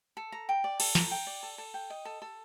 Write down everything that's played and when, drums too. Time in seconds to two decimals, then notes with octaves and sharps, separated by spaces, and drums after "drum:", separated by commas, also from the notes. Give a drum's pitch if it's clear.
0.17 A4
0.32 A#5
0.49 G5
0.64 D5
0.80 A4, drum: cymbal
0.95 A#5, drum: snare
1.11 G5
1.27 D5
1.43 A4
1.58 A4
1.74 G5
1.90 D#5
2.05 A4
2.22 A4